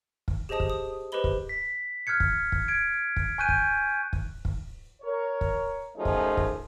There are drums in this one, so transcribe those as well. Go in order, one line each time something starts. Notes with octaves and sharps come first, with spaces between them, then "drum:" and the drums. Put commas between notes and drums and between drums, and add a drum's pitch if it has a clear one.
drum: kick
G4 G#4 C5 D#5 A5 D#6
drum: kick
D#6
G4 B4 C5 D#5 B5 G7
drum: kick
B6
F6 F#6 G#6 C#7
drum: kick
drum: kick
G#6 D7
drum: kick
G#5 C#6 F#6 G6 D#7
drum: kick
drum: kick
drum: kick
A#4 C#5
drum: kick
F#2 F3 A3 D#4 G#4
drum: kick
drum: kick